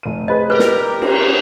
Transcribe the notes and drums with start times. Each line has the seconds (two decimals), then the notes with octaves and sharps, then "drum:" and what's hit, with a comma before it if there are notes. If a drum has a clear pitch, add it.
0.03 F1 D#7
0.28 G#4 B4 C5 D#5
0.50 G4 A#4 B4 F6 F#6
0.59 drum: snare
1.02 drum: cymbal